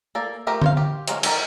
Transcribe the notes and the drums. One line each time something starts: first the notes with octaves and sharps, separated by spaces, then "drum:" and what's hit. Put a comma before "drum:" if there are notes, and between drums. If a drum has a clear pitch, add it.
A#3 A4 D5
F3 A3 G4 A#4
C5 C#5 F5, drum: tom D3
G4
F3 F#3 G#3 A#3 C#4, drum: hi-hat
D#3 A4 A#4 D5 A#5, drum: cymbal